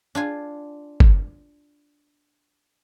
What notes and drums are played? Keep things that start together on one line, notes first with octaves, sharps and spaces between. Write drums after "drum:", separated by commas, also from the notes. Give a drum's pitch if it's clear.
D4 F4 G#5
drum: kick